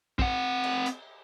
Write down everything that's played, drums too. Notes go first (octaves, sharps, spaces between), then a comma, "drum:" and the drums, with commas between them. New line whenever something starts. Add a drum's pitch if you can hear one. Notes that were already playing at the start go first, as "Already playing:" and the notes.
C4 F#5, drum: kick
drum: cymbal
drum: hi-hat